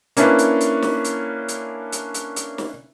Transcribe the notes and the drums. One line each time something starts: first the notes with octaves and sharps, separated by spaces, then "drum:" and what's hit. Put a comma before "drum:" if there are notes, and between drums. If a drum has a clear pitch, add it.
A#3 C#4 D4 E4 B4, drum: hi-hat
drum: hi-hat
drum: hi-hat
drum: snare
drum: hi-hat
drum: hi-hat
drum: hi-hat
drum: hi-hat
drum: hi-hat
drum: snare